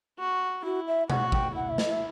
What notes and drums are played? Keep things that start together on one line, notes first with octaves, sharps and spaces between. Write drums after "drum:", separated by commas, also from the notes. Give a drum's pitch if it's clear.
F#4
E4 F#4
E5
F#4 F#5, drum: tom B2
G5, drum: kick
E4 F#5
E5
D#5, drum: snare
E5